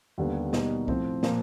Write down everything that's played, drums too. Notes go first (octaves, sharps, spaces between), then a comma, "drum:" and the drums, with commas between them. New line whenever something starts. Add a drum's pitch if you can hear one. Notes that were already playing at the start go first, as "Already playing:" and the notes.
D#2 D3 G3 B3
B2 G3 A#3 D#4, drum: snare
A2 F3 A3 C4, drum: kick C2
A#2 F3 A#3, drum: snare